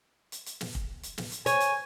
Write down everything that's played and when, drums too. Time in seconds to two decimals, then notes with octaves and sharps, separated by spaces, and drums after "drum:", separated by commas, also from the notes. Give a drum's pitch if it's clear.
0.32 drum: hi-hat
0.46 drum: hi-hat
0.61 drum: snare
0.75 drum: kick
1.03 drum: hi-hat
1.18 drum: snare
1.32 drum: hi-hat
1.46 C#5 G#5, drum: hi-hat
1.60 drum: hi-hat